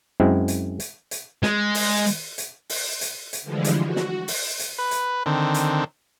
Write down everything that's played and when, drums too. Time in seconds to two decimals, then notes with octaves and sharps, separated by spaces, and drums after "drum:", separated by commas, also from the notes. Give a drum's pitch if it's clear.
0.20 F#2 G#3 C4 E4
0.48 drum: hi-hat
0.80 drum: hi-hat
1.11 drum: hi-hat
1.43 G#3, drum: snare
1.75 drum: open hi-hat
2.06 drum: hi-hat
2.38 drum: hi-hat
2.70 drum: open hi-hat
3.01 drum: hi-hat
3.33 drum: hi-hat
3.42 D3 E3 F3 G3 G#3
3.64 drum: hi-hat
3.84 F#4
3.96 drum: snare
4.28 drum: open hi-hat
4.59 drum: hi-hat
4.78 B4
4.91 drum: hi-hat
5.26 D3 D#3 C4
5.54 drum: hi-hat